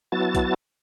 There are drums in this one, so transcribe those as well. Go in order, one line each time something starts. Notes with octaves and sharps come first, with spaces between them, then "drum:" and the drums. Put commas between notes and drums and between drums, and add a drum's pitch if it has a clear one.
F#3 B3 E4 F#4 A5 A6
drum: kick A#1, hi-hat